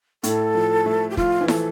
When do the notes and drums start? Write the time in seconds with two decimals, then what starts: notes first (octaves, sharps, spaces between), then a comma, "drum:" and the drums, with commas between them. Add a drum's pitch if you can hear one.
0.23 A2 A4, drum: hi-hat
0.55 F3
0.86 A3
1.10 G4
1.17 F3 F4, drum: kick
1.41 E3
1.48 A4, drum: snare